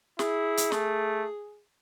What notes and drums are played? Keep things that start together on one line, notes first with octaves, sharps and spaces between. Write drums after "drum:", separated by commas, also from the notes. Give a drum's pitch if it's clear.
E4 G#4, drum: snare
drum: hi-hat
A3, drum: snare